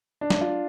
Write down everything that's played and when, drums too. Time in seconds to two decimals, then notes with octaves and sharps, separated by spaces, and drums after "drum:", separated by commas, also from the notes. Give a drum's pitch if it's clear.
0.21 D4
0.30 drum: snare
0.41 F4